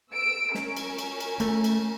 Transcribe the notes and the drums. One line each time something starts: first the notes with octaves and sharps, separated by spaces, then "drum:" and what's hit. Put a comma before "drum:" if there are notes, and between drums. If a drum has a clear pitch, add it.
E6 D7
C#4 A#4, drum: snare
drum: cymbal
drum: cymbal
drum: cymbal
A3, drum: cymbal
drum: cymbal